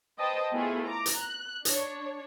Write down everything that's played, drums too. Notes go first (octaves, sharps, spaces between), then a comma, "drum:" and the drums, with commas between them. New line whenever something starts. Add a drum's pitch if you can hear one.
B4 C5 D#5 G5 A5 D#6
A3 B3 E4 F4 G#4
A#5 D6
drum: hi-hat
F#6
D4 C#5, drum: hi-hat